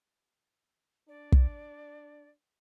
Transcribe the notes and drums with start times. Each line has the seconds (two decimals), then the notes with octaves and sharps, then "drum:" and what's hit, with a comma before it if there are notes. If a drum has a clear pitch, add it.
1.09 D4 D5
1.32 drum: kick